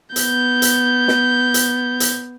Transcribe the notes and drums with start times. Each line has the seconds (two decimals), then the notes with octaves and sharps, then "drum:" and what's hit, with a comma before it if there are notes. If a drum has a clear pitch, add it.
0.16 B3 G6, drum: hi-hat
0.62 drum: hi-hat
1.08 drum: snare
1.54 drum: hi-hat
2.00 drum: hi-hat